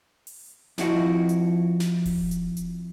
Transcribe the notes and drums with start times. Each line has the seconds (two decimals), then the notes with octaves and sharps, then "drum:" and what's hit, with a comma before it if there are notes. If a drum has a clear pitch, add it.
0.27 drum: open hi-hat
0.78 F2 F3 E4 F#4 D#5, drum: snare
1.29 drum: hi-hat
1.80 drum: snare
2.06 drum: kick D#1, open hi-hat
2.31 drum: hi-hat
2.57 drum: hi-hat